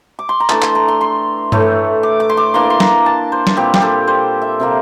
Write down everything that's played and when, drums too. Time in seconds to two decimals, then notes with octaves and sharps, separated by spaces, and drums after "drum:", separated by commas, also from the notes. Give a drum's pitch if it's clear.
0.19 D6
0.29 C6
0.40 A#5
0.50 E3 A3 D4 A5, drum: clap
0.62 C6, drum: clap
0.75 A#5
0.88 C6
1.01 C6
1.52 A2 E3 A3, drum: tom G2
2.03 D6
2.20 D6
2.30 C6
2.37 D6
2.54 E3 A#3 D4 C6
2.70 C6
2.80 A#5, drum: snare
3.06 A5
3.32 C5
3.47 drum: snare
3.57 A#2 G3 C4 G4
3.74 G4, drum: snare
3.82 A4
4.07 C5
4.42 E5
4.60 C3 G3 A#3